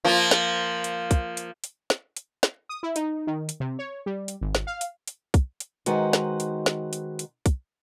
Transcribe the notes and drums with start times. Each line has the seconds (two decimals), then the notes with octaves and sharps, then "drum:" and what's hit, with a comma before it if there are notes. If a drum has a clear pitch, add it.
0.05 F3 A#3 F4
0.31 drum: snare
0.84 drum: hi-hat
1.11 drum: kick, hi-hat
1.37 drum: hi-hat
1.64 drum: hi-hat
1.90 drum: snare
2.17 drum: hi-hat
2.43 drum: snare
2.69 D#6
2.83 E4
2.96 D#4, drum: hi-hat
3.27 D#3
3.49 drum: hi-hat
3.60 C3
3.79 C#5
4.06 G3
4.28 drum: hi-hat
4.41 G#1
4.55 drum: snare
4.67 F5
4.81 drum: hi-hat
5.08 drum: hi-hat
5.34 drum: kick, hi-hat
5.60 drum: hi-hat
5.86 D#3 G#3 D#4 F#4 B4 C5, drum: hi-hat
6.13 drum: snare
6.40 drum: hi-hat
6.66 drum: snare
6.93 drum: hi-hat
7.19 drum: hi-hat
7.46 drum: kick, hi-hat